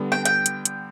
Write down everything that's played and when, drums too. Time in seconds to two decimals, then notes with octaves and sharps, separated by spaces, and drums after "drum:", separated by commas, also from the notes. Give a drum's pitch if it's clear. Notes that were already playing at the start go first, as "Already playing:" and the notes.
Already playing: D3 G3 B3
0.12 G5
0.25 G5, drum: hi-hat
0.46 drum: hi-hat
0.65 drum: hi-hat